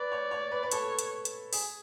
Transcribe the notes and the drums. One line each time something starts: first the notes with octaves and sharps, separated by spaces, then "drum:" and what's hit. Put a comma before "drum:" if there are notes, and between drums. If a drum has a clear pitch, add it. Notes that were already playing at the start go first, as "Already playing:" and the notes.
Already playing: B4 D5
C#5
C#5
B4
B4
A4 C#5, drum: hi-hat
drum: hi-hat
drum: hi-hat
G#4, drum: open hi-hat